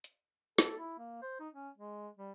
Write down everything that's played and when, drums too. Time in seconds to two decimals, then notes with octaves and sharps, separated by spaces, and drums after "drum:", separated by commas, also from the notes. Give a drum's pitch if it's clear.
0.04 drum: hi-hat
0.58 A4, drum: snare
0.79 E4
0.98 A#3
1.22 C5
1.40 D#4
1.54 C#4
1.78 G#3
2.17 G3